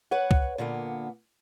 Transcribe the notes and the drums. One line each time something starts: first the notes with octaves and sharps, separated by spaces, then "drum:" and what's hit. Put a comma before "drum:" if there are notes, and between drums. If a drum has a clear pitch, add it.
B4 C#5 F#5
drum: kick
A#2 D3 A#3 B3